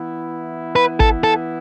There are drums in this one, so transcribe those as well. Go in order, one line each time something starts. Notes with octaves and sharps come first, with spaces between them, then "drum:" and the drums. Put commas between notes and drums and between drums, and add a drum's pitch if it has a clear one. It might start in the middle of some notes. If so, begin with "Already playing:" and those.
Already playing: E3 B3 E4
B4
A4, drum: kick
A4